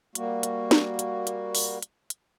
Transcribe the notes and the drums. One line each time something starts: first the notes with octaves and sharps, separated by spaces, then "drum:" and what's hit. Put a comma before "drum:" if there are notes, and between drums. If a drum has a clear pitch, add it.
G3 A#3 F#4, drum: hi-hat
drum: hi-hat
drum: snare
drum: hi-hat
drum: hi-hat
drum: open hi-hat
drum: hi-hat
drum: hi-hat